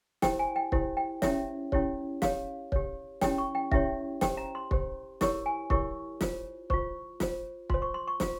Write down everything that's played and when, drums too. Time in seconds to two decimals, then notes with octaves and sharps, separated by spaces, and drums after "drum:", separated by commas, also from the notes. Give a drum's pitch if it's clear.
0.22 E4 G4 C5 G5, drum: snare
0.39 G#5
0.56 G5
0.72 E4 G4 C5, drum: kick
0.97 G5
1.22 C#4 E4 G4 C#5 E5, drum: snare
1.72 C#4 E4 G4 C#5, drum: kick
2.22 G4 C#5 F5, drum: snare
2.72 G4 C#5, drum: kick
3.21 C#4 E4 G4 C#5 G5, drum: snare
3.38 C#6
3.55 G5
3.72 C#4 E4 G4 C#5 E5, drum: kick
4.21 G4 C5 G5, drum: snare
4.37 A#5
4.55 C6
4.71 G4 C5, drum: kick
5.21 E4 G4 A#4 C#5 C#6, drum: snare
5.46 G#5
5.70 E4 G4 A#4 C#5 C#6, drum: kick
6.21 F4 C5, drum: snare
6.70 F4 C5 C#6, drum: kick
7.20 F4 C5, drum: snare
7.70 F4 C5 C6, drum: kick
7.82 C#6
7.94 C6
8.08 C#6
8.20 F4 C5, drum: snare